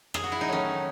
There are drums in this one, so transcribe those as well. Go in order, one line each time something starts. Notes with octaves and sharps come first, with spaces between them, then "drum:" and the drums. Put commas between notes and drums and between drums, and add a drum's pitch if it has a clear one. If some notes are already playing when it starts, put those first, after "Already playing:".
G#4, drum: rim click
F#4
E4
D#4
D#3 F#3 A3 C#4